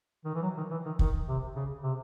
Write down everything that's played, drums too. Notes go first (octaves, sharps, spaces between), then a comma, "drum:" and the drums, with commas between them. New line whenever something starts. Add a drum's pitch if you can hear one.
D#3
E3
F#3
D#3
E3
D#3
D#3, drum: kick
C3
C#3
C3